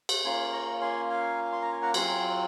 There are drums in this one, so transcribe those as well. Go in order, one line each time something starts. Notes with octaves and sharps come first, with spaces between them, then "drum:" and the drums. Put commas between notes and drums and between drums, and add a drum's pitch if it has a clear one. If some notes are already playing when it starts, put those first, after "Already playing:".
drum: cymbal
A#3 C#4 F4 G#5 C6
A#5 C#6
G#5 C6
F5 G#5
C6
A#5
G#5
F#5 A#5
F#3 C4 F4 G#5 C6, drum: cymbal